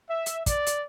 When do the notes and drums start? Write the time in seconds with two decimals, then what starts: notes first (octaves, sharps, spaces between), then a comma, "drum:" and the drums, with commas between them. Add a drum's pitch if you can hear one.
0.10 E5
0.26 drum: hi-hat
0.46 D5, drum: kick, hi-hat
0.67 drum: hi-hat